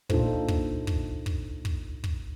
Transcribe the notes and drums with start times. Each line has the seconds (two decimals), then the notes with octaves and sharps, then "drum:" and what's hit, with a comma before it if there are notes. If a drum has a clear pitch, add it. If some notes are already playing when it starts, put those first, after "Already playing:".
0.10 A#2 D4 D#4 F4 A4 C5, drum: kick
0.48 drum: kick
0.87 drum: kick
1.26 drum: kick
1.65 drum: kick
2.04 drum: kick